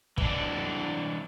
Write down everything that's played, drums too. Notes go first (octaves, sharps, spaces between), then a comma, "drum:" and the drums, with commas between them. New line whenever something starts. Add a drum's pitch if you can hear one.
E3 D4, drum: kick